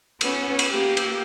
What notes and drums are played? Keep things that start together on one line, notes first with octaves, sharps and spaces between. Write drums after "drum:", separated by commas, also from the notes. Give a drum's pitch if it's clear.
B3 C#4, drum: cymbal
drum: cymbal
A#3 G4
drum: cymbal